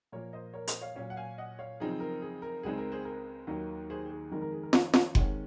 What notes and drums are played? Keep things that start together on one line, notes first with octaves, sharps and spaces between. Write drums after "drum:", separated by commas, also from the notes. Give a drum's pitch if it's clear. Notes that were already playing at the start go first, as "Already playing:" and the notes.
A#2 F3 A#3 A#4 C#5
C5 D#5
A#4 C#5
C5 D#5, drum: hi-hat
C#5 F5
A#2 F#3 C#4 C#5 F5
F#5
F5 G#5
D#5 F#5
C#5 F5
F#2 C#3 F3 C4 D#4 G#4
A#4
G#4
A#4
C#2 C#3 G#3 C4 D#4 G#4
A#4
G#4 C5
A#4
D#2 D#3 F#3 A#3 D#4
G#4 C5
G#4
F2 D#3 G#3 D#4 A#4
A#4
G#4
A#4
C#5 F5, drum: snare
C#5 F5, drum: snare
C3 D#3 G#3 C#4 D#5 F#5, drum: kick F#1